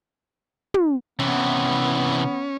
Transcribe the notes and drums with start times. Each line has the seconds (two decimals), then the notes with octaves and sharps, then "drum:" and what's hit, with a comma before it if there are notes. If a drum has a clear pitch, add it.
0.74 drum: tom
1.19 C3 E3 B3 C#4